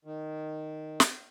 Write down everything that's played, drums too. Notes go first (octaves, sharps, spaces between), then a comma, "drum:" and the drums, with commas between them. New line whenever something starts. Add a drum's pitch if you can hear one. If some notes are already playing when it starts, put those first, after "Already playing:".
D#3
drum: snare